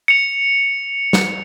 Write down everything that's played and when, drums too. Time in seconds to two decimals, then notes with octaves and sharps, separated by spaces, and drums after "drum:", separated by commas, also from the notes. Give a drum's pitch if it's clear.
0.08 C#7 F7
1.13 drum: snare